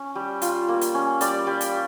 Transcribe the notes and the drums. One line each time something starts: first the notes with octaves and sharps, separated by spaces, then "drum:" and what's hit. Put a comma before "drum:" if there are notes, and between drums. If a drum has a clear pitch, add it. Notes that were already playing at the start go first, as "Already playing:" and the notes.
Already playing: C#4
G3
F4, drum: hi-hat
A#3
drum: hi-hat
C#4
G3 D5, drum: hi-hat
G3
drum: hi-hat